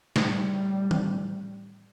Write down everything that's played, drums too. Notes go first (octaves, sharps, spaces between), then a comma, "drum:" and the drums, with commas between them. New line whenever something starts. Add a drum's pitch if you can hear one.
A2 G3, drum: snare
drum: tom